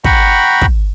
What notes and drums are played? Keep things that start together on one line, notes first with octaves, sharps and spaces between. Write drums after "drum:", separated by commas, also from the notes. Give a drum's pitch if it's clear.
F#5 G5 A#5 B5 C#6, drum: kick
drum: kick